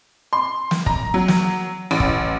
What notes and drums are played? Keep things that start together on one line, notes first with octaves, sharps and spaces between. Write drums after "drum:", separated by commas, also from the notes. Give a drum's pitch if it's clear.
C6
drum: snare
A#5, drum: kick
F#3
drum: snare
A1
drum: kick